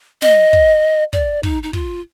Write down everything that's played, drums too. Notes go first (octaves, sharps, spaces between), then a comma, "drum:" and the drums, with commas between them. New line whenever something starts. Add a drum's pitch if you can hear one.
D#5, drum: snare
drum: kick
D5, drum: kick
D#4, drum: kick
D#4
F4, drum: kick